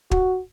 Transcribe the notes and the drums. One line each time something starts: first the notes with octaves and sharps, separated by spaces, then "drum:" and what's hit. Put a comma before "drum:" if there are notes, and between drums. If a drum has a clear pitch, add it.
F#4, drum: kick